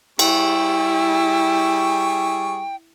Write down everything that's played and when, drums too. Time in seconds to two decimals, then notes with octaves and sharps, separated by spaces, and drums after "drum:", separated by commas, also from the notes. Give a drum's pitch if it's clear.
0.19 G3 E4 G#4 G5 C#6, drum: cymbal